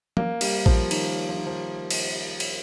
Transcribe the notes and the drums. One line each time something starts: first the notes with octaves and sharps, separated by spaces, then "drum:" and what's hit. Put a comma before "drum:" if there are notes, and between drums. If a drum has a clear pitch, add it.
A#3, drum: tom F3
G3, drum: cymbal
F3, drum: kick A#1
D#3, drum: cymbal
F3
D#3
F3
drum: cymbal
drum: cymbal